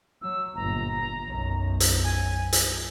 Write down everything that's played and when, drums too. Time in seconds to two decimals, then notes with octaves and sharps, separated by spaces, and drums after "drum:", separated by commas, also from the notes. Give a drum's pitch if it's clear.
0.22 F#3 E6
0.55 G1 A#2 A#5
1.27 B1 F#2
1.80 drum: hi-hat
2.04 G#5
2.53 drum: hi-hat